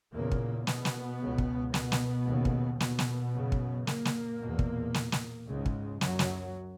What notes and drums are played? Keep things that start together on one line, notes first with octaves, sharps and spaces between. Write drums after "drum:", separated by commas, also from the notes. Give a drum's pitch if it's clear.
E2 A#2 C#3 A#3
drum: kick
B2 B3, drum: snare
drum: snare
C#2 C#3
drum: kick
B2 B3, drum: snare
drum: snare
D#2 C#3
drum: kick
B2 B3, drum: snare
drum: snare
F#2 C#3
drum: kick
A#2 A#3, drum: snare
drum: snare
E2 B2
drum: kick
drum: snare
drum: snare
C#2 G#2 C#3 G#3
drum: kick
F#2 F#3, drum: snare
drum: snare